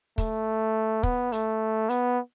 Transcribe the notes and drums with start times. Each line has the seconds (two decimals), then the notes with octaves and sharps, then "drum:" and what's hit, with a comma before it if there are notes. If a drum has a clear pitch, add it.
0.18 A3, drum: kick, hi-hat
1.03 B3, drum: kick
1.32 A3, drum: hi-hat
1.89 B3, drum: hi-hat